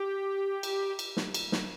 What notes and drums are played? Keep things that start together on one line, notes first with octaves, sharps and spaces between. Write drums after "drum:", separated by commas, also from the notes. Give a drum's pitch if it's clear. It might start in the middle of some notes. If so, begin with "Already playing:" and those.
Already playing: G4
drum: cymbal
drum: cymbal
drum: snare
drum: cymbal
drum: snare